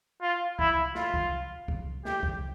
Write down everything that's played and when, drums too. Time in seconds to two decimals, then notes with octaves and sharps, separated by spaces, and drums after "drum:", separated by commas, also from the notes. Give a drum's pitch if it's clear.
0.22 F4
0.59 E4, drum: kick C2
0.95 F4, drum: snare
1.14 drum: kick C2
1.68 drum: kick C2
2.05 G4, drum: snare
2.23 drum: kick C2